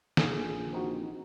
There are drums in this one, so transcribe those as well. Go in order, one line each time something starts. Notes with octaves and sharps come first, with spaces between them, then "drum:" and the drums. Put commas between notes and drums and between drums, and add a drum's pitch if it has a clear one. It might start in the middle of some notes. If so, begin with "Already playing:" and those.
G#4, drum: snare
A#1
C4 D#4 F#4